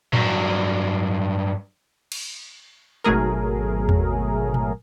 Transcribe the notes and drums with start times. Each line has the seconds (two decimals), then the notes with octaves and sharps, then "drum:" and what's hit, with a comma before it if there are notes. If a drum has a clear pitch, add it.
0.13 G2 F#3, drum: tom A2
2.12 drum: cymbal
3.04 G#1 B2 F#3 A3 G#4 A#4
3.89 drum: tom E2
4.54 drum: tom A#2